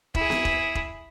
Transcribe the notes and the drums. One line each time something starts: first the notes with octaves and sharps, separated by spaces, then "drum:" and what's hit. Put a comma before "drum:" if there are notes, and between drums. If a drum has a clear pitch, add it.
E4 G#4, drum: kick E1
drum: snare B3
drum: kick E1
drum: kick E1